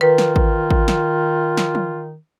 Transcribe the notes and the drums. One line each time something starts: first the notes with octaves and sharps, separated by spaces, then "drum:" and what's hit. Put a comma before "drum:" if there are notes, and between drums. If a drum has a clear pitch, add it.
D#3 F4 B4
drum: snare
drum: kick A1
drum: kick A1
drum: snare
drum: snare
drum: tom